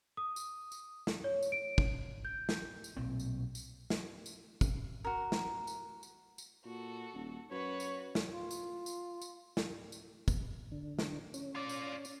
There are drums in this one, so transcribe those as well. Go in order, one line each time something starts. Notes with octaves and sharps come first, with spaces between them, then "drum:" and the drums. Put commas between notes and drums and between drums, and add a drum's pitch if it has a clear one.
D#6
drum: tambourine
drum: tambourine
drum: snare
C#5
drum: tambourine
D7
drum: kick
G6
drum: snare
drum: tambourine
B1 A#2 C4
drum: tambourine
drum: tambourine
drum: snare
drum: tambourine
drum: kick, tambourine
F#4 A#4
drum: snare
drum: tambourine
drum: tambourine
drum: tambourine
A#2 F#4 A4
D#1
F#2 F#4 B4 C#5
drum: tambourine
drum: snare
F4
drum: tambourine
drum: tambourine
drum: tambourine
drum: snare
drum: tambourine
drum: kick, tambourine
D3
drum: snare
C#4, drum: tambourine
F4 D5
drum: tambourine
drum: tambourine